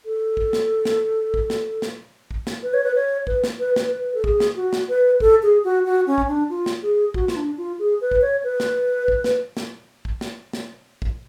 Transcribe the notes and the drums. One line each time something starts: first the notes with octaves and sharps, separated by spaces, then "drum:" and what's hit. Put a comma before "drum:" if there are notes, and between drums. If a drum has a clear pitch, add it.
A4
drum: kick
drum: snare
drum: snare
drum: kick
drum: snare
drum: snare
drum: kick
drum: snare
B4
C#5
B4
C#5
B4, drum: kick
drum: snare
B4
B4, drum: snare
B4
A4
G#4, drum: kick
drum: snare
F#4
drum: snare
B4
A4, drum: kick
G#4
F#4
F#4
C#4
drum: kick
D4
F4
drum: snare
G#4
F#4, drum: kick
F4, drum: snare
D4
F4
G#4
B4
drum: kick
C#5
B4
drum: snare
drum: kick
drum: snare
drum: snare
drum: kick
drum: snare
drum: snare
drum: kick